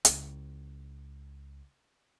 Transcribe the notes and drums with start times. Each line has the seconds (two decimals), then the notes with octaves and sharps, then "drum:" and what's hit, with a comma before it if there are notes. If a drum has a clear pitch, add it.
0.05 C#2 E4, drum: hi-hat